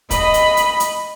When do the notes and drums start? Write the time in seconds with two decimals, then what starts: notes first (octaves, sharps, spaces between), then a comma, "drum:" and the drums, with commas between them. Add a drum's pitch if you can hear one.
0.11 D#5 B5, drum: kick, hi-hat
0.34 drum: hi-hat
0.57 drum: hi-hat
0.80 drum: hi-hat